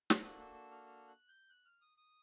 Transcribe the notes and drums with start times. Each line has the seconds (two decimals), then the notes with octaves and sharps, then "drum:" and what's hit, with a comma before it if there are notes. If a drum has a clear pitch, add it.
0.10 drum: snare
0.23 A#3 D4 F#4 A4 F#6
0.40 E6
0.55 E6
0.71 F6
0.87 F6
1.08 F#6
1.28 G6
1.50 F#6
1.65 F6
1.81 D#6
1.97 D#6